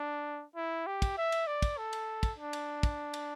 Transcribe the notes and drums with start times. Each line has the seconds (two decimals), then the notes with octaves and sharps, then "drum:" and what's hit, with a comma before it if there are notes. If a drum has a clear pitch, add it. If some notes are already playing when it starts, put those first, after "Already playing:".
Already playing: D4
0.56 E4
0.86 G4
1.02 drum: kick, cymbal
1.18 E5
1.32 drum: cymbal
1.47 D5
1.62 drum: kick, cymbal
1.78 A4
1.93 drum: cymbal
2.23 drum: kick, cymbal
2.38 D4
2.53 drum: cymbal
2.83 drum: kick, cymbal
3.14 drum: cymbal